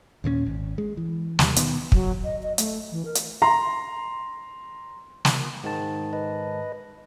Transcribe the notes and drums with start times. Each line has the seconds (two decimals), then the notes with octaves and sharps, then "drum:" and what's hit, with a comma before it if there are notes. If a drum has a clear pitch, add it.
0.24 D#2 A#2 A3 C#4
0.46 G#1
0.78 G#3
0.97 E3
1.39 D#2 G3, drum: snare
1.56 B2 D#3 B3, drum: hi-hat
1.92 F#3, drum: kick
2.24 D#5
2.43 D#5
2.58 A3, drum: hi-hat
2.92 E3
3.05 A#4
3.15 drum: hi-hat
3.42 A#5 C6
5.25 drum: snare
5.64 G#2 D#3 A5
6.13 B4 D#5